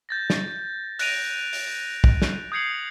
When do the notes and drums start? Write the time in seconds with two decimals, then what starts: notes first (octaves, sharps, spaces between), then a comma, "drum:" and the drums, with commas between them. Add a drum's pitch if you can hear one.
0.09 G6 A6 A#6
0.30 drum: snare
0.99 F#6 A#6 D7 D#7 F7, drum: open hi-hat
1.53 drum: open hi-hat
2.04 drum: kick
2.22 drum: snare
2.52 D#6 G6 G#6 C7 C#7 F#7